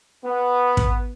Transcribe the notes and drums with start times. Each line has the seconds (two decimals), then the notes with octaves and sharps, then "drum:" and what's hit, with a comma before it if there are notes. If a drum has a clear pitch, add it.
0.23 B3
0.77 drum: kick